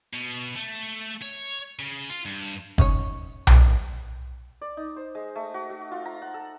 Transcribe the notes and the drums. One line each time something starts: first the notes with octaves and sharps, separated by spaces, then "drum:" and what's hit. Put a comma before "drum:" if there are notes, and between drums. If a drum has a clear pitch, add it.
B2
A3
C#5
C#3
F4
G2
C#4 D#4 C#5, drum: kick
drum: tom B1
D5
D#4
C5
G#3
A3
F#4
F#4
F4
A#5
F#5
A4